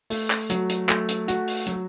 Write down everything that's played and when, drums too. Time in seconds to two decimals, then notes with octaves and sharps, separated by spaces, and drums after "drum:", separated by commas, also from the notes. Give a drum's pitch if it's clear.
0.10 A3, drum: open hi-hat
0.30 drum: clap
0.50 F#3, drum: hi-hat
0.69 drum: hi-hat
0.89 A3, drum: clap
1.08 drum: hi-hat
1.28 F#4, drum: hi-hat
1.48 drum: open hi-hat
1.66 F#3, drum: hi-hat